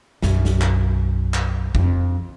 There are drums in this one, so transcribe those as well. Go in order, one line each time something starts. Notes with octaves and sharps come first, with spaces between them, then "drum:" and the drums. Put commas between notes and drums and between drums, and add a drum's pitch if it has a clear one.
B1 F#2, drum: snare
drum: snare
drum: clap
drum: clap
F2, drum: kick